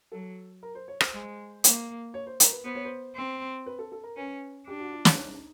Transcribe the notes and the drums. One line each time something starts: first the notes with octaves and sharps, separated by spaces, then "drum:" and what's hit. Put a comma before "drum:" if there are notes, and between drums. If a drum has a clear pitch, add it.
F#3 A4
A#4
C5
C#5
C5, drum: rim click
G#3
A#3, drum: hi-hat
C#5
C5
A#4, drum: hi-hat
B4
B3 C5
C#5
C5
C4
B4
A4
A4
A#4
C#4 B4
D4 G4
F#4
F4
D#4, drum: snare